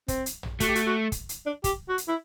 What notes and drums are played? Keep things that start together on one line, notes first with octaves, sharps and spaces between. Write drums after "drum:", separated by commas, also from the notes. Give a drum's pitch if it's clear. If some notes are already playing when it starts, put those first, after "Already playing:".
C4, drum: kick, hi-hat
drum: hi-hat
drum: tom
A3 F#4, drum: kick, hi-hat
G4
F#4, drum: hi-hat
F#4
drum: kick, hi-hat
drum: hi-hat
D4
G4, drum: kick, hi-hat
F#4
drum: hi-hat
E4